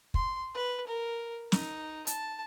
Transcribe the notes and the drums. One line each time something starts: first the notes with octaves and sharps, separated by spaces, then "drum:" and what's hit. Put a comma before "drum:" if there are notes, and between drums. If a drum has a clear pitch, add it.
C6, drum: kick
B4
A#4
D#4, drum: snare
A5, drum: hi-hat